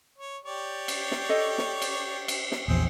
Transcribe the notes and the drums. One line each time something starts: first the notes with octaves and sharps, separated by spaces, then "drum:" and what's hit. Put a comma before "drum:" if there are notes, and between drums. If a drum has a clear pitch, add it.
C#5
G4 C#5 D5
drum: cymbal
drum: snare
A4 D#5
drum: snare
drum: cymbal
drum: cymbal
drum: snare
A#1 E2 C4 G#4